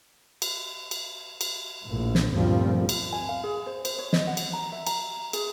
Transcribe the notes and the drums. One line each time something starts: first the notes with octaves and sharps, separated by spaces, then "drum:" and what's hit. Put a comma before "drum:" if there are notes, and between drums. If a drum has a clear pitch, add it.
drum: cymbal
drum: cymbal
drum: cymbal
A#1 A2
drum: snare
G1 D2 A#2 F3 G3 C4
drum: cymbal
G#5
F5
G#4
C5
C5, drum: cymbal
C#5
D#5, drum: snare
F#5
drum: cymbal
A#5
E5
A#5, drum: cymbal
G#4, drum: cymbal